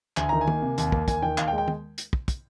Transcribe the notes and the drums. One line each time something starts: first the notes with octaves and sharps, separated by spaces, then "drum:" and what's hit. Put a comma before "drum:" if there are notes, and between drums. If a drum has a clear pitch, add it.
D2 G#5, drum: clap
D#3 A#5
G#5
A#3, drum: tom
C3
D#2, drum: hi-hat
A#3, drum: kick
D#2 G#5, drum: kick, hi-hat
D#3 G5
D#2 F5, drum: clap
G5
G#3
G5
drum: tom
drum: hi-hat
drum: kick
drum: kick, hi-hat